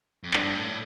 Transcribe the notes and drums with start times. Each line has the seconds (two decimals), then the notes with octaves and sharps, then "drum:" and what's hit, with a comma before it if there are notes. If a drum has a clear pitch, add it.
0.23 F2
0.34 G2 D4, drum: clap
0.56 A2